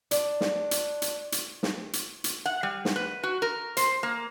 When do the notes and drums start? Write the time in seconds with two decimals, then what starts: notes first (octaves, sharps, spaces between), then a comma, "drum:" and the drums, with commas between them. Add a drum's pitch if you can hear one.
0.11 D4, drum: hi-hat
0.41 drum: snare
0.71 drum: hi-hat
1.02 drum: hi-hat
1.32 drum: hi-hat
1.63 drum: snare
1.93 drum: hi-hat
2.24 drum: hi-hat
2.46 F#5
2.63 G3
2.85 drum: snare
2.96 B4
3.23 F#4
3.42 A#4
3.77 C5, drum: hi-hat
4.03 A#3